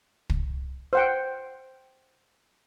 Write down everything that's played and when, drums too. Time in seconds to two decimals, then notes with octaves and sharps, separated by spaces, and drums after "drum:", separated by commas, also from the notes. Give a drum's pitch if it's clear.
0.30 drum: kick
0.93 C5 F#5 G5